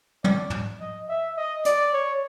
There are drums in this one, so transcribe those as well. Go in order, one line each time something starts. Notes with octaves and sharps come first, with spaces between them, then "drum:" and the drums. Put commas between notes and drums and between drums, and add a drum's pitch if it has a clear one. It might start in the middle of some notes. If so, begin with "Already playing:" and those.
D5, drum: tom
drum: tom
D#5
E5
D#5
D5, drum: hi-hat
C#5